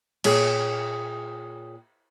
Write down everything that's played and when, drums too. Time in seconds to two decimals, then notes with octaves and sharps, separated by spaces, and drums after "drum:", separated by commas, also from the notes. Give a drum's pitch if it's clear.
0.24 A#2 G#4 C#5 G5, drum: cymbal